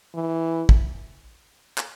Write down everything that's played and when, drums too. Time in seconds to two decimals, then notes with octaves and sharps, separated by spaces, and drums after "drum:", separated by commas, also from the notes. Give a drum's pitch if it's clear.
0.15 E3
0.69 drum: kick
1.78 drum: clap